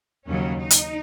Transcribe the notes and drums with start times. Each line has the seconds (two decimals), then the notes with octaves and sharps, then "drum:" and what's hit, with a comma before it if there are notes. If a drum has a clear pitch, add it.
0.27 D#2 C#3 F#3 C#4
0.59 D#4
0.70 drum: hi-hat